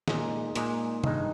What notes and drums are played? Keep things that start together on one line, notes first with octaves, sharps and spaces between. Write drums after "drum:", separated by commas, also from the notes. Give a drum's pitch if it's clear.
A#2 G#3 D#4 G#4, drum: snare
A#2 G#3 D#4 G#4, drum: hi-hat
G2 D#3 G#3 D#4, drum: tom